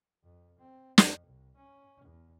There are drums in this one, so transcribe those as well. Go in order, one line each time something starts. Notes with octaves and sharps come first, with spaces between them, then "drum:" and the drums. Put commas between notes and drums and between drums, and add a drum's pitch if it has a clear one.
F2
C4
F2, drum: snare
C2
C#4
E2